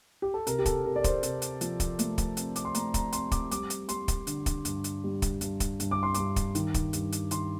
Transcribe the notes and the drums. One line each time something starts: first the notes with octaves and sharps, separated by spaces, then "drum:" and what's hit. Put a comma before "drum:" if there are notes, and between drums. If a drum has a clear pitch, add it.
G4
A4
C3 A#4, drum: hi-hat
G4
A4, drum: kick, hi-hat
C3 A#4
D5
C5, drum: kick, hi-hat
C3, drum: hi-hat
drum: hi-hat
F3, drum: hi-hat
drum: kick, hi-hat
A3, drum: hi-hat
drum: kick, hi-hat
C4, drum: hi-hat
D6, drum: hi-hat
C6
A3 A#5, drum: hi-hat
A#5, drum: kick, hi-hat
C4 C6, drum: hi-hat
D6, drum: kick, hi-hat
G3 D6, drum: hi-hat
drum: hi-hat
G3 C6, drum: hi-hat
drum: kick, hi-hat
D3, drum: hi-hat
drum: kick, hi-hat
G2, drum: hi-hat
drum: hi-hat
G3
drum: kick, hi-hat
G2, drum: hi-hat
drum: kick, hi-hat
G2, drum: hi-hat
D6
C6
G2 D6, drum: hi-hat
drum: kick, hi-hat
D#3, drum: hi-hat
drum: kick, hi-hat
G2, drum: hi-hat
drum: hi-hat
D#3 C6, drum: hi-hat